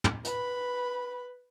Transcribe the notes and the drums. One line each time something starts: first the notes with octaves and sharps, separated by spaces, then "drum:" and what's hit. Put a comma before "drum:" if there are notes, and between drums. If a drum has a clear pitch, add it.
drum: tom
B4 B5, drum: hi-hat